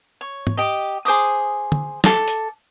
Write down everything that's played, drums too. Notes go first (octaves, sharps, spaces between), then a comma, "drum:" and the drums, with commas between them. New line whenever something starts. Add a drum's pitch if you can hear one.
C#5
drum: tom G#2
G4 D#5
G#4 C5 D6 D#6
drum: tom
A4 D6, drum: snare
drum: hi-hat